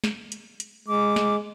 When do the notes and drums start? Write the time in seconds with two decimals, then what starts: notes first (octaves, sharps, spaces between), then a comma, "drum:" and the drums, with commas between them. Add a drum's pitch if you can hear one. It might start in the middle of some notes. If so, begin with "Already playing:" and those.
0.04 drum: snare
0.32 drum: hi-hat
0.60 drum: hi-hat
0.88 G#3 D6
1.16 drum: snare